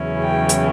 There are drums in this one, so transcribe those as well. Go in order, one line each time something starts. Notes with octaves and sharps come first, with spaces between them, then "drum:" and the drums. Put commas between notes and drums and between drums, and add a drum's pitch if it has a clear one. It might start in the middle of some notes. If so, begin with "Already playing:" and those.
Already playing: E2 C#3 F#3 C#4 E4
G5
drum: hi-hat